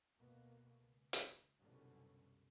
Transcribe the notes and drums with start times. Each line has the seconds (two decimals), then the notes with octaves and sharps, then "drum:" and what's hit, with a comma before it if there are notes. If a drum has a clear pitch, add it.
0.18 D2 B2 A#3 B3
0.78 C#2
1.13 drum: hi-hat
1.59 C2 F#2 B2 D3 G3 C#4